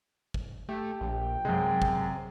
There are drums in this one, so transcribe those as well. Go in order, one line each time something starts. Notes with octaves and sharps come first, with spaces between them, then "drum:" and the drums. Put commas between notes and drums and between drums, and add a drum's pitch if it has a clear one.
drum: kick
A3 G4
A#1 G5
F#2 C3 G#3
drum: kick